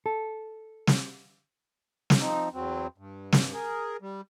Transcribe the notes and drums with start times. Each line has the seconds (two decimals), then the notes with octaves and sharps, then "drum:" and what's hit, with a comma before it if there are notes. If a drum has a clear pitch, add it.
0.06 A4
0.87 drum: snare
2.10 drum: snare
2.20 F3 C4 D#4
2.54 E2 F#3 C4
2.98 G2
3.33 drum: snare
3.53 G#4 A#4
4.02 G3